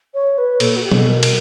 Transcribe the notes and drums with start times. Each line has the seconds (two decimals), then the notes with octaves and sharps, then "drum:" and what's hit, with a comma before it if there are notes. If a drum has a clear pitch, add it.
0.14 C#5
0.38 B4
0.60 A#2 A4, drum: cymbal
0.76 F#4
0.84 G4
0.91 B2 G#4, drum: tom F#3
1.00 A4
1.08 A#4
1.23 drum: cymbal